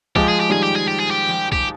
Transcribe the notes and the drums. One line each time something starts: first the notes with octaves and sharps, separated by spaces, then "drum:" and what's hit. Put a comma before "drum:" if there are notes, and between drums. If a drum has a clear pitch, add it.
F3 G#3 G4, drum: kick
G#4
G4
D#3 G3 G#4
G4
G#4
G4
G#4
G4
drum: snare
G4, drum: kick